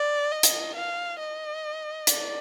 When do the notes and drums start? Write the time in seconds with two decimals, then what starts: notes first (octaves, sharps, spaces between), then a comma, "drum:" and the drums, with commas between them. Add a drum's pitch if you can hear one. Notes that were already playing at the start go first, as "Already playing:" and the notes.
Already playing: D5
0.32 D#5
0.43 drum: hi-hat
0.75 F5
1.19 D#5
2.07 D5, drum: hi-hat